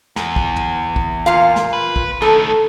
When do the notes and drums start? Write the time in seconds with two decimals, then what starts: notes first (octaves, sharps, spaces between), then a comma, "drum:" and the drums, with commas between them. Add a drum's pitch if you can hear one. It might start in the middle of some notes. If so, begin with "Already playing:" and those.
0.16 E2, drum: snare
0.36 drum: kick
0.56 drum: tom
0.96 drum: kick
1.26 A#2 F4 F5
1.56 drum: snare
1.73 B4
1.96 drum: kick
2.22 D#3 A3 A4